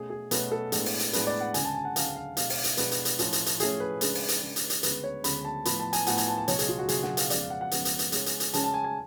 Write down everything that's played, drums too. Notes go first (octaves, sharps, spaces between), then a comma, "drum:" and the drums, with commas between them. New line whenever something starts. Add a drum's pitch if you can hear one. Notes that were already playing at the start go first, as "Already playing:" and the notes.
Already playing: B2 A3 C#4 G#4
G#4
B2 A3 C#4 B4, drum: hi-hat
A4
A2 G#3 B3 D4, drum: hi-hat
drum: open hi-hat
drum: hi-hat
A2 G#3 B3 D4 B4, drum: hi-hat
D5
F#5
D2 C#3 G#3 G#5, drum: hi-hat
A5
G#5
F#5
D2 C#3 G#3 F5, drum: hi-hat
F5
B2 G#3 D4 F5, drum: hi-hat
F5, drum: open hi-hat
drum: hi-hat
B2 G#3 D4 B4, drum: hi-hat
drum: hi-hat
drum: hi-hat
A2 F3 A3 C#4, drum: hi-hat
drum: hi-hat
drum: hi-hat
A2 F3 A3 C#4 G#4, drum: hi-hat
B4
C#3 G#3 D4, drum: hi-hat
drum: open hi-hat
drum: hi-hat
C#3 G#3 D4
drum: hi-hat
drum: hi-hat
D2 C#3 G#3 B3 B4, drum: hi-hat
C#5
D2 C#3 G#3 B3 B5, drum: hi-hat
A5
A2 F3 B3 B5, drum: hi-hat
A5
G#5, drum: hi-hat
A2 F3 B3 F#5, drum: hi-hat
G#5, drum: hi-hat
A5
A5
C#2 B2 F#3 C#5, drum: hi-hat
G#4, drum: hi-hat
F4
F#4
C#2 B2 F#3 G#4, drum: hi-hat
F#5, drum: snare
F5, drum: hi-hat
F2 C#3 G#3 B3 D5, drum: hi-hat
F5
F#5
F#5
F2 C#3 G#3 B3, drum: hi-hat
drum: hi-hat
drum: hi-hat
C#3 G#3 C#4, drum: hi-hat
drum: hi-hat
drum: hi-hat
C#3 G#3 C#4 A5, drum: hi-hat
A5
G#5
G#5